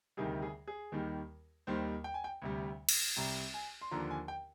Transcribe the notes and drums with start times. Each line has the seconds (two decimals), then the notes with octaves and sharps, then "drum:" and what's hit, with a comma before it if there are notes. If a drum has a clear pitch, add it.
0.17 D2 C3 D#3 G3 G#4
0.42 G#4
0.68 G#4
0.92 D#2 D#3 G3
1.67 D#2 D#3 G3 C5
2.04 G5
2.14 G#5
2.24 G5
2.42 D2 C3 G3
2.89 drum: cymbal
3.17 C2 C3 G3 A#5
3.54 G#5
3.81 C6
3.91 D#2 D3 F3 A#5
4.10 G#5
4.28 G5